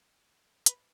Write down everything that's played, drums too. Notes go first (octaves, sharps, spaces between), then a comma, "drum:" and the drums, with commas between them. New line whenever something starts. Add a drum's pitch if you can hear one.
B4, drum: hi-hat